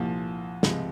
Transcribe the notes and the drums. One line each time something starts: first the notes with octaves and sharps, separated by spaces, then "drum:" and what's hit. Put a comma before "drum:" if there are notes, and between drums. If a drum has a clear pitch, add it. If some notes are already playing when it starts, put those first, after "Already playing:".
Already playing: C2 A#2 F3
C#2 C3 F3 G#3, drum: snare